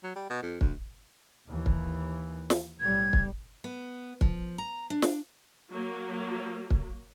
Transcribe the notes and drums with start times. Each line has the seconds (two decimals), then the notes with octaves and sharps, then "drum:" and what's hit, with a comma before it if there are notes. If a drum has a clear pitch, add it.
0.03 F#3
0.15 G3
0.30 B2
0.42 F2
0.61 D2, drum: kick
1.49 D#2 E3
1.66 drum: kick
2.50 drum: snare
2.81 B1 A2 G3 G#6
3.13 drum: kick
3.64 B3
4.21 F3, drum: kick
4.58 A#5
4.90 D4
5.02 drum: snare
5.73 F#3 A#3
6.70 drum: kick